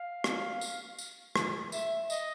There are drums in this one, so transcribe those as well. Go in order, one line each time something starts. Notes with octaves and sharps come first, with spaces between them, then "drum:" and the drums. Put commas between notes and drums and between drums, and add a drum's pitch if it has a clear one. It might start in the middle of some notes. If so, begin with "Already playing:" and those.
Already playing: F5
drum: rim click
drum: tambourine
drum: tambourine
drum: rim click
E5, drum: tambourine
D#5, drum: tambourine